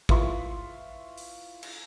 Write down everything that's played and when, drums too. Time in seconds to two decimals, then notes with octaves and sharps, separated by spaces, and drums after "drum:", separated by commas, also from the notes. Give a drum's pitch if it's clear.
0.09 E4 F4 B4 E5 C6 C#6, drum: kick G#1
1.18 drum: open hi-hat
1.63 drum: cymbal